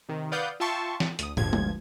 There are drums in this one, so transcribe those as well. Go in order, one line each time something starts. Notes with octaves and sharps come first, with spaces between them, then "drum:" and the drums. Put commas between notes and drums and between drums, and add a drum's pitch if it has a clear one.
C3 D#3
B4 D5 F5 F#5 D#6 G6
F4 E5 G5 A5 C6 C#6
drum: snare
D2 D#6, drum: hi-hat
G1 D2 G2 F3 G#6, drum: tom
drum: tom G#3